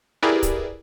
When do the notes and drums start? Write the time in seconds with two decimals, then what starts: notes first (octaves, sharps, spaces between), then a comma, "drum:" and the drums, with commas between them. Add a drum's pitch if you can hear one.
0.22 E4 G4 G#4 A#4 B4 D5
0.43 drum: kick, hi-hat